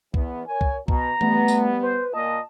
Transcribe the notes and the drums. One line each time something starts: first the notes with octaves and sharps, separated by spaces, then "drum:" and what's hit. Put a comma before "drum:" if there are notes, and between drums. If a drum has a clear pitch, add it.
E2 B3, drum: kick
A#4 C#5 G#5
drum: kick
B2 A#5, drum: kick
G3 A3 B3, drum: tom E3
drum: tambourine
B4 C5
A#2 D#5 A5